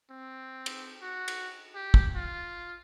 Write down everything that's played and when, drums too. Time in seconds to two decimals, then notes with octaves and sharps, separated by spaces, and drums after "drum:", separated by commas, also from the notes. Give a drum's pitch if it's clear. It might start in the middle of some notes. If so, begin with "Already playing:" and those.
0.10 C4
0.66 drum: cymbal
1.02 F#4
1.28 drum: cymbal
1.74 G4
1.94 drum: kick
2.15 F4